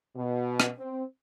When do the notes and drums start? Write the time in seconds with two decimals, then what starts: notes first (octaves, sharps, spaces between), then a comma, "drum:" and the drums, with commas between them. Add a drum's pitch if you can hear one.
0.16 B2
0.60 drum: rim click
0.77 C4